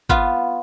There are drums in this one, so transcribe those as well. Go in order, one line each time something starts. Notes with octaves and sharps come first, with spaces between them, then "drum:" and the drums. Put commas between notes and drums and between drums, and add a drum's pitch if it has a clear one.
B3 F4, drum: kick